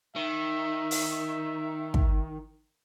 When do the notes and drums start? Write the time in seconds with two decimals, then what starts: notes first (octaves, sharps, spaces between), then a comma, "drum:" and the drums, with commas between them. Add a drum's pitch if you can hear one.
0.16 D#3 E5
0.91 drum: open hi-hat
1.94 drum: kick